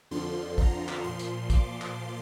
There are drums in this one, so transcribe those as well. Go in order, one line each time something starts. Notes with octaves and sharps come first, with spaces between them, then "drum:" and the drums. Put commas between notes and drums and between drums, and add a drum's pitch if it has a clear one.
F2 D3 F3 C6
A#5, drum: kick
drum: clap
A#2 F3 C6
drum: hi-hat
D6, drum: kick, hi-hat
drum: clap